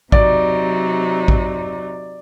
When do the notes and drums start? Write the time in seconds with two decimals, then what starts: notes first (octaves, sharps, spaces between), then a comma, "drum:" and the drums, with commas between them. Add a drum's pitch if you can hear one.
0.12 C3 F#3 D#4 D5, drum: kick A1
1.28 drum: kick A1